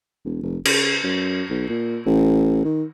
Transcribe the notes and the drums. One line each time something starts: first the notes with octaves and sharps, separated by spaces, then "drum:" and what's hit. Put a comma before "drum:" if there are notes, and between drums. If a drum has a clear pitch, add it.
E1
F1
C#3, drum: cymbal
F#2
B1
A#2
A1
D#3